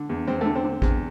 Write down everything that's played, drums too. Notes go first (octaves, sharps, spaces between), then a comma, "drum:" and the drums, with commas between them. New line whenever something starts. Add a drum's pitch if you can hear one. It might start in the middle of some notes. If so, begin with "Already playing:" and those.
Already playing: D3
E2
E2 C4
D3 A3
C4
D3
E2, drum: kick A1